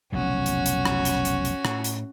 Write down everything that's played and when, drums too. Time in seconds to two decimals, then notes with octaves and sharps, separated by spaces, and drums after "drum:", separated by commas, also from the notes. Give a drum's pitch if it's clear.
0.12 F1 B1 A#2 C#4 F#4
0.46 drum: hi-hat
0.66 drum: hi-hat
0.85 drum: rim click
1.05 drum: hi-hat
1.25 drum: hi-hat
1.45 drum: hi-hat
1.65 A2, drum: rim click
1.84 drum: hi-hat